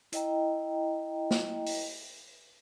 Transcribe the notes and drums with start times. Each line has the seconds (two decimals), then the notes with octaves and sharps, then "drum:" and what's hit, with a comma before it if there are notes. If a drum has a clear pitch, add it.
0.12 E4 D#5 G5 A#5, drum: hi-hat
1.31 drum: snare A#3
1.66 drum: open hi-hat